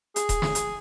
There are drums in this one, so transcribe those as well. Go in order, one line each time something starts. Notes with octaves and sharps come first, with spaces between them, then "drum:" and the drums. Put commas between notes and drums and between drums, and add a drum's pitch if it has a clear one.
G#4, drum: hi-hat
drum: kick D#1, hi-hat
drum: snare
drum: hi-hat